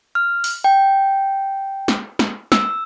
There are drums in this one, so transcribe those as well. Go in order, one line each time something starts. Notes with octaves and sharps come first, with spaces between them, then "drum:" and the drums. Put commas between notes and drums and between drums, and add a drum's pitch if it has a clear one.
F6
drum: open hi-hat
G5
drum: snare
drum: snare
E6, drum: snare